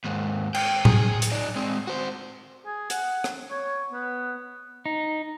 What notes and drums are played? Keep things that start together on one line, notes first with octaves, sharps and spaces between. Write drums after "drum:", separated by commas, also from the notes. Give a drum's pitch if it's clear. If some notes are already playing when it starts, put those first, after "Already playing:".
D#2 G#2
G5, drum: cymbal
G#4, drum: tom A2
drum: hi-hat
D#4 D5
G#3 C4
F#4 C5
G#4
F#5, drum: hi-hat
drum: rim click
C#5
B3
D#4